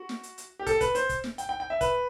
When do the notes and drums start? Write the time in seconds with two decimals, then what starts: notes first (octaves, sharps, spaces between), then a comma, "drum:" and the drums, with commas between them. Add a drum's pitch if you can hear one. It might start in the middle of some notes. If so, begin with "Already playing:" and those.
Already playing: F#4
0.09 drum: snare
0.23 drum: hi-hat
0.38 drum: hi-hat
0.59 G4
0.66 A4, drum: kick, hi-hat
0.81 B4, drum: kick, hi-hat
0.95 C5, drum: hi-hat
1.09 drum: kick, hi-hat
1.24 drum: snare
1.38 G5, drum: hi-hat
1.49 G5
1.60 G5
1.70 E5
1.81 B4, drum: kick, hi-hat